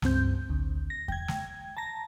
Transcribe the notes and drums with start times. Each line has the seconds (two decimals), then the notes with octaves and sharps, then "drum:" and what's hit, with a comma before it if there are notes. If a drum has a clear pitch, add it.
0.02 C#2 G2 C4 G6, drum: snare
0.50 A1 D2
0.90 A#6
1.08 G5 G#6, drum: kick E2
1.28 drum: snare
1.77 A5 A#5 A#6